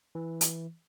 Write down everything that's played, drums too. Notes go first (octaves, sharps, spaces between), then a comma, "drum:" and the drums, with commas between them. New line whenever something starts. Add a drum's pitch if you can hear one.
E3
drum: hi-hat